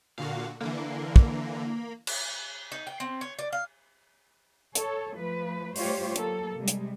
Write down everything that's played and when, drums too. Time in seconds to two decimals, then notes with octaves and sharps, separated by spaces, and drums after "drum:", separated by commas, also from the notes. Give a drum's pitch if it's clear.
0.18 A#2 D3 F#4 F5
0.61 D3 E3 A#3
1.16 drum: kick
2.07 drum: cymbal
2.72 D#4
2.87 G5
3.00 C4
3.21 C#5
3.39 D5
3.53 F5
4.75 A4 C#5, drum: hi-hat
5.14 F3 A3 B4
5.76 G3 A3 F4 G4 C5 C#5, drum: open hi-hat
6.16 F#3 A#3 A4, drum: hi-hat
6.57 C3 G3 G#3
6.68 drum: hi-hat